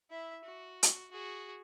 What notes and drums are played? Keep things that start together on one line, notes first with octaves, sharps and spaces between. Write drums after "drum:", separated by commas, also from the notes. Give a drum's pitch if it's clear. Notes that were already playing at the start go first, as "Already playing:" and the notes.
E4 E5
F#4
drum: hi-hat
F#4 G#4